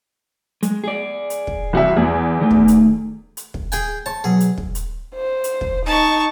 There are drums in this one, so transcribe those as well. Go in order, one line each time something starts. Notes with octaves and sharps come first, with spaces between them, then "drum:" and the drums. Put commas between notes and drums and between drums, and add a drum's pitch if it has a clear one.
G#3, drum: hi-hat
G#4 D5
drum: hi-hat
drum: kick
C2 E3 F#4 E5
E2 E3 G#4
D#3 A3
drum: kick
drum: hi-hat
drum: hi-hat
drum: kick
G#4 G5 G#5, drum: hi-hat
C#5 A5 C#6
B2 F#3 G#4
drum: hi-hat
drum: kick
drum: hi-hat
C5
drum: hi-hat
drum: kick
D#4 A5 C#6